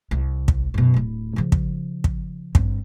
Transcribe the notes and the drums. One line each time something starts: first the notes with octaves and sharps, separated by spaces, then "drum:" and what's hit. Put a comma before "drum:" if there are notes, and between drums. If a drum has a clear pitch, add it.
C2
drum: kick
F#2 B2
D1 E4
C#3 F3
drum: kick
drum: kick
G2 C4, drum: kick